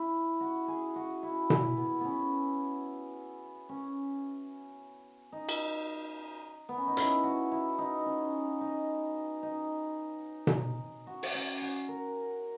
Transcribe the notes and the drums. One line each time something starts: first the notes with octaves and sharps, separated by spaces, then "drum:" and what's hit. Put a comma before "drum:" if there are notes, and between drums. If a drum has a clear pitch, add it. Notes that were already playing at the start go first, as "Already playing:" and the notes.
Already playing: E4
F#4
G#4
F#4
E4
E4, drum: tom B2
B3
B3 C#4
C#4
D#4
drum: cymbal
B3
C#4
D#4
E4, drum: hi-hat
F#4
E4
D#4
C#4
D#4
D#4
drum: tom B2
F#4
drum: open hi-hat
C#4
F#4
A#4